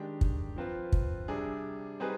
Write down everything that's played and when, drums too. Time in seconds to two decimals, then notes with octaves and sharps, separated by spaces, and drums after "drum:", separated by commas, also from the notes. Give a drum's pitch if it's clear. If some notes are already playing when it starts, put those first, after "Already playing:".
Already playing: D#3 G#3 D4 G4
0.21 drum: kick
0.56 F3 C4 F4 B4
0.92 drum: kick
1.28 C3 G3 D4 G#4
2.00 G3 C4 D#4 G#4 B4